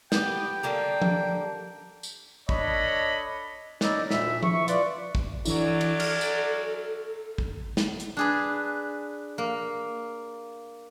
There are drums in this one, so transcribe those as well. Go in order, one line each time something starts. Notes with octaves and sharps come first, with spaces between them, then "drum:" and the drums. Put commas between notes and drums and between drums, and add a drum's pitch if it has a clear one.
B3 G4 G5, drum: snare
D3 G3 A#3
drum: tom F3
drum: tambourine
D4 A4 C#5 D#5 B5, drum: kick
C#4 D#4 E4 D5 D#5, drum: snare
D2 A#2 E5, drum: snare
E4 E5 C#6, drum: tom F3
F4 B4 D5, drum: hi-hat
drum: kick
F#2 E3 F#3 D4 E4 A4 D5, drum: tambourine
drum: cymbal
F6, drum: cymbal
drum: tambourine
drum: kick
drum: snare
drum: hi-hat
D4 G#4 B4
A#3